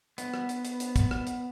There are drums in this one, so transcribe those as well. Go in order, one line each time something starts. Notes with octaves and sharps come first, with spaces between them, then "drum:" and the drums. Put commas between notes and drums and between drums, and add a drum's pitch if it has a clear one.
B3, drum: hi-hat
drum: rim click
drum: hi-hat
drum: hi-hat
drum: hi-hat
drum: kick, hi-hat
drum: rim click
drum: hi-hat